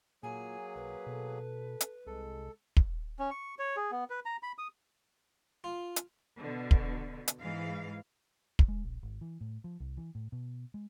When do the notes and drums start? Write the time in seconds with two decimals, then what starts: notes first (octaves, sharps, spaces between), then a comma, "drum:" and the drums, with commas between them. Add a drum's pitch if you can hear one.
0.23 A#2 F#3 A#3 G#4 G#5
0.76 B1 B4
1.07 B2 A4
1.81 drum: hi-hat
2.07 C2 G#3 A4
2.77 drum: kick
3.19 C#4
3.31 C#6
3.59 C#5
3.77 G#4
3.91 B3
4.10 B4
4.25 A#5
4.43 B5
4.58 D#6
5.64 F4
5.96 drum: hi-hat
6.36 B2 D3
6.71 drum: kick
7.28 drum: hi-hat
7.40 G#2 E3 F5
8.59 drum: kick
8.68 G#3
8.85 A#1
9.03 G#1
9.21 E3
9.41 A2
9.64 F3
9.80 C2
9.97 E3
10.15 A2
10.32 B2
10.74 G#3